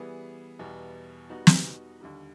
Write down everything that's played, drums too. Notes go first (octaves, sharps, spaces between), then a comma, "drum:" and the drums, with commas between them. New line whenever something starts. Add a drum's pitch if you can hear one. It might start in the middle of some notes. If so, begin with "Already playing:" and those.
Already playing: E3 G3 B3 E4 G#4
E2 B2 G3 B3
G3 B3 D#4 F#4
drum: snare
D#2 D3 G3